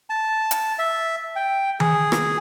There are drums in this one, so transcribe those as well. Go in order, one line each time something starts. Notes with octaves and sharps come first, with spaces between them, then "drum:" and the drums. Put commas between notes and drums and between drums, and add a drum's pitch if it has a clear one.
A5
drum: hi-hat
E5
G5
G#4, drum: tom D#3
drum: rim click